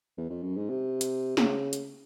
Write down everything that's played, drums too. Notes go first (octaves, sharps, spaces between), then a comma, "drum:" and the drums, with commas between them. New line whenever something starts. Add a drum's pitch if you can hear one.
E2
F2
F#2
G#2
C3
drum: hi-hat
C#3, drum: snare
drum: hi-hat